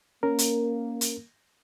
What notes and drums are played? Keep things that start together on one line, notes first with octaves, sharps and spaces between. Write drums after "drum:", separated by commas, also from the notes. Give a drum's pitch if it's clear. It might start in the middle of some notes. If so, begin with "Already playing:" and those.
A#3 C#4 A#4
drum: hi-hat
drum: hi-hat